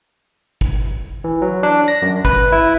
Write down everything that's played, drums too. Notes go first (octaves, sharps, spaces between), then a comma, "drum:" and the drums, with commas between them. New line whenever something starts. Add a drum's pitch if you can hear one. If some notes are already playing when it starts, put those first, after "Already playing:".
drum: kick
E3
F#3
D4
A#6
F#2
B4, drum: kick
E4